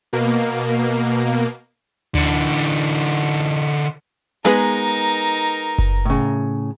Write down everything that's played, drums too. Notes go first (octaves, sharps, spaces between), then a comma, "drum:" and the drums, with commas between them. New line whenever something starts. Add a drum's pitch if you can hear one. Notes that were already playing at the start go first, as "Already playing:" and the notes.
B2 A#3
D3 E3, drum: tom D2
G#3 B3 D#4 G#4 A#4, drum: snare
drum: kick F#1
A2 C#3